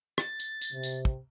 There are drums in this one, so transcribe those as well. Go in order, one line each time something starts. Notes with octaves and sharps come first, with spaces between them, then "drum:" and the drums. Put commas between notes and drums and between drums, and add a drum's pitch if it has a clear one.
A6, drum: rim click
drum: tambourine
drum: tambourine
C3
drum: tambourine
drum: kick